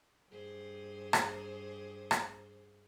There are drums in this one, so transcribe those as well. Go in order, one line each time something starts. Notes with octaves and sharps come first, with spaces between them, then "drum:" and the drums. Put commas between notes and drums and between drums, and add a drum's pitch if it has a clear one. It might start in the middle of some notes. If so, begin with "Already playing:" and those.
G2 G#4 C5
drum: rim click
drum: rim click